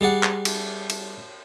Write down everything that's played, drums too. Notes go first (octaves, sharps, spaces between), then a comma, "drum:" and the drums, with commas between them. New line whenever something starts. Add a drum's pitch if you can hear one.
G3 G#4 D5 F#5
drum: clap
drum: cymbal
drum: cymbal